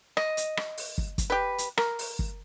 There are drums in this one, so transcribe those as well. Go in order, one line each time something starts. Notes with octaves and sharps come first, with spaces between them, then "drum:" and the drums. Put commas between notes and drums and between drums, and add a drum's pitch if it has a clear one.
D#5, drum: rim click
drum: hi-hat
drum: rim click
drum: open hi-hat
drum: kick
drum: kick, hi-hat
G4 B4
drum: hi-hat
A#4, drum: rim click
drum: open hi-hat
drum: kick